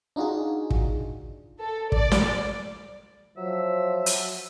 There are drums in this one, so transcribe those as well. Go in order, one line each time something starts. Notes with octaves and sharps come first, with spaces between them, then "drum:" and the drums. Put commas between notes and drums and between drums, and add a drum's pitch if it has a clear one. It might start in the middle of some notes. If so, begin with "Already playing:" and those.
D4 D#4 F4 F#4 G#4
drum: kick
A4
D5, drum: kick
drum: snare
F3 F#3 E5
drum: hi-hat